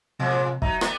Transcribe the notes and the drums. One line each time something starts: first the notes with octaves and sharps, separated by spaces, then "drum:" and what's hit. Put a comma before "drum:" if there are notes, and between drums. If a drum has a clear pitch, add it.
A2 C3 F3 G#3
F#3 D#4 E5 A#5, drum: kick
G3 A3 B3, drum: rim click